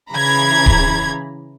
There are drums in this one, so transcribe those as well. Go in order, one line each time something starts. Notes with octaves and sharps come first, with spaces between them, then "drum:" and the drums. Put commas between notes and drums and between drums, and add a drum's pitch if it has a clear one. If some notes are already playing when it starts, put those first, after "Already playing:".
C#3 E3 A#5 B5 G#6
drum: kick D1